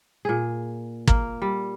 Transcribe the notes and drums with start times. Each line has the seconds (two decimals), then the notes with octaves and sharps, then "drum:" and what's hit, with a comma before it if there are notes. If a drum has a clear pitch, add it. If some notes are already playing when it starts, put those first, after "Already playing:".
0.25 A#2 G#4
1.07 A#3, drum: kick
1.42 G3